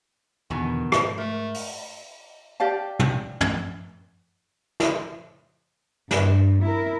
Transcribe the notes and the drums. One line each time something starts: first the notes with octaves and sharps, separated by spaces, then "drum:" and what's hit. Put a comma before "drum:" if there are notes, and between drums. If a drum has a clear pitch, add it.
E2 B2 D3 D#3 G#5
G#2, drum: rim click
A3 A#4
drum: open hi-hat
G4 D5 F5 A5
drum: tom
drum: tom
drum: snare
G2, drum: snare
E4 A#4